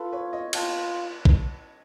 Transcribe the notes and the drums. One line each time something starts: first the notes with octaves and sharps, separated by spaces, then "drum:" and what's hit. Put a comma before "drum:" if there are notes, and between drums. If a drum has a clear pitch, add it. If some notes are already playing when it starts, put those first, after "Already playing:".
Already playing: F4 A4 B4
B4 C#5
C#5 D#5
F4 G5 A5, drum: cymbal
drum: kick A#1